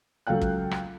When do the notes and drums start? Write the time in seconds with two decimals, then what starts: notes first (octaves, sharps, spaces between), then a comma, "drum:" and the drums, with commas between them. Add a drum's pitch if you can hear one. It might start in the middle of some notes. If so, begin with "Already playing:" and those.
0.27 C#2 F#3 A4 F5 G5 F#6
0.41 drum: kick
0.71 drum: rim click